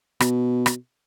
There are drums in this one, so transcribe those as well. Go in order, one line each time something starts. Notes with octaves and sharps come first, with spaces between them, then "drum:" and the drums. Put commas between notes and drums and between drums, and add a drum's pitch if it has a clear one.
B2, drum: rim click
drum: rim click